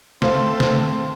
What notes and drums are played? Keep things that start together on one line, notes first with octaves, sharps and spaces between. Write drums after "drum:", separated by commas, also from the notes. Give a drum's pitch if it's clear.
A3 C4 C5 F5 C6, drum: snare
drum: snare